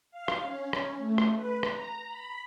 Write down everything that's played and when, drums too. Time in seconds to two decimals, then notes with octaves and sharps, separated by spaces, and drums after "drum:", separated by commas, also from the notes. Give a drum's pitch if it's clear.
0.11 F5
0.28 drum: rim click
0.41 C#4
0.73 drum: rim click
0.97 A3
1.18 drum: rim click
1.35 B4
1.63 drum: rim click
1.73 A#5
2.08 B5